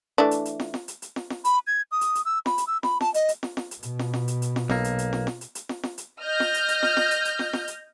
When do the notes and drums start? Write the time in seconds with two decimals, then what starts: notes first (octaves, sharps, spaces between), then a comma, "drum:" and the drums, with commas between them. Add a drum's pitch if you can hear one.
0.18 E3 A3 D4
0.31 drum: hi-hat
0.45 drum: hi-hat
0.60 drum: snare
0.74 drum: snare
0.88 drum: hi-hat
1.02 drum: hi-hat
1.16 drum: snare
1.30 drum: snare
1.45 B5, drum: hi-hat
1.67 G#6
1.91 D#6
2.01 drum: hi-hat
2.15 drum: hi-hat
2.25 E6
2.46 B5, drum: snare
2.58 drum: hi-hat
2.67 E6
2.83 B5, drum: snare
3.01 A5, drum: snare
3.14 D#5, drum: hi-hat
3.29 drum: hi-hat
3.43 drum: snare
3.57 drum: snare
3.71 drum: hi-hat
3.83 B2, drum: hi-hat
3.99 drum: snare
4.14 drum: snare
4.28 drum: hi-hat
4.42 drum: hi-hat
4.56 drum: snare
4.70 B1 A#3, drum: snare
4.84 drum: hi-hat
4.98 drum: hi-hat
5.13 drum: snare
5.27 drum: snare
5.41 drum: hi-hat
5.55 drum: hi-hat
5.69 drum: snare
5.83 drum: snare
5.98 drum: hi-hat
6.20 D#5 F6 G6 A#6
6.40 drum: snare
6.54 drum: hi-hat
6.68 drum: hi-hat
6.83 drum: snare
6.97 drum: snare
7.11 drum: hi-hat
7.25 drum: hi-hat
7.39 drum: snare
7.53 drum: snare
7.68 drum: hi-hat